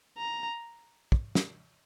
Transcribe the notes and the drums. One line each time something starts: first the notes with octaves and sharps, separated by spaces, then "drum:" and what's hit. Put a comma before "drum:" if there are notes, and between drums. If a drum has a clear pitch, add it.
A#5
drum: kick
drum: snare